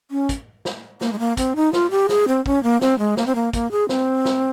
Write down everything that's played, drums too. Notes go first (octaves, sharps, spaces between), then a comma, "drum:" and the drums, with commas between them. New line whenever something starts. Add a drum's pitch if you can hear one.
C#4
drum: kick, hi-hat
drum: snare
A#3, drum: snare
G#3
A#3
C4, drum: kick, hi-hat
D#4
F4, drum: snare
G4
G#4, drum: snare
C4
C#4, drum: kick
A#3
C4, drum: snare
G#3
A#3, drum: snare
C4
A#3
A#3, drum: kick, hi-hat
G#4
C4, drum: snare
drum: snare